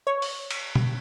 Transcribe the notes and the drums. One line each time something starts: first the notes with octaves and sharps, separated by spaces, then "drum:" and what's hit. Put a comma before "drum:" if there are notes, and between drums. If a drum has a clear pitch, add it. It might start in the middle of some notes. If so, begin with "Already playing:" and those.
C#5
drum: open hi-hat
drum: cymbal
drum: tom B2